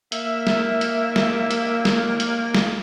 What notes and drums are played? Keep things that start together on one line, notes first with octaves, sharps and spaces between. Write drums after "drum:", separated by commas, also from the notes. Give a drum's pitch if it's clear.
A#3 E5, drum: hi-hat
drum: snare
drum: hi-hat
drum: snare
drum: hi-hat
drum: snare
drum: hi-hat
drum: snare